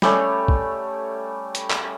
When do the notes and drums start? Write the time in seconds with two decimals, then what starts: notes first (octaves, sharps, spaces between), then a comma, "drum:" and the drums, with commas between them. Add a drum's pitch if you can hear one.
0.02 G3 A3 C#4, drum: snare
0.48 drum: kick
1.55 drum: hi-hat
1.70 drum: clap